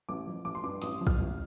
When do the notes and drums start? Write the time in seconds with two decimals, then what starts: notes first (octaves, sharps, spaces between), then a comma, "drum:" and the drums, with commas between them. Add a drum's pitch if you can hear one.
0.09 A1 D6
0.27 F3
0.45 A1 D6
0.55 C6
0.63 G2 D6
0.82 A1 D#6, drum: hi-hat
1.01 F3
1.07 F6, drum: kick
1.19 A1